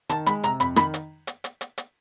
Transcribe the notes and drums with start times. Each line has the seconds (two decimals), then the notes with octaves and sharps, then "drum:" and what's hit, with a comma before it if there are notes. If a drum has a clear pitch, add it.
0.09 D#3 A5, drum: hi-hat
0.26 G#3 B5, drum: hi-hat
0.43 C3 A#5, drum: hi-hat
0.60 F2 B5, drum: hi-hat
0.76 D#3 B5, drum: rim click
0.94 drum: hi-hat
1.27 drum: hi-hat
1.44 drum: hi-hat
1.61 drum: hi-hat
1.78 drum: hi-hat